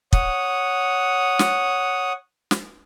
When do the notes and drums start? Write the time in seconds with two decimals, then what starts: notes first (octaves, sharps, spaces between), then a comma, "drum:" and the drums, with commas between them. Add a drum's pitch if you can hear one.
0.13 C#5 F#5 D#6, drum: kick
1.39 drum: snare
2.51 drum: snare